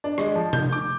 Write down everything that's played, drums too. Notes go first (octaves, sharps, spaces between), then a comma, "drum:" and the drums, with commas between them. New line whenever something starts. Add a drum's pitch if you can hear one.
D4
G#3, drum: rim click
F3
G6, drum: tom C3
D6